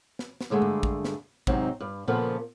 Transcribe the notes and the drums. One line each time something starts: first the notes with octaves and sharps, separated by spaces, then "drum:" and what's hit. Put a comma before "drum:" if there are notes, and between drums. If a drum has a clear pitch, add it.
drum: snare
drum: snare
G2 D3 G#3 A3
drum: tom G#2
drum: kick
drum: snare
G#2 C3 F#3 C4 D#4, drum: kick
G2
A#2 C#3 F3 A#3 B3 A4